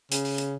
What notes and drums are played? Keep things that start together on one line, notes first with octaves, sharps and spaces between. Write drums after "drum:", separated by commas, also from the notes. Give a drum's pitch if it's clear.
C#3, drum: hi-hat
drum: open hi-hat
drum: hi-hat